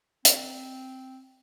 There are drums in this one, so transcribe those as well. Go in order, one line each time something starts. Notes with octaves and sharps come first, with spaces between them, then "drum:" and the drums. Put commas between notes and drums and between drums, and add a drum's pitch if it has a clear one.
C4, drum: hi-hat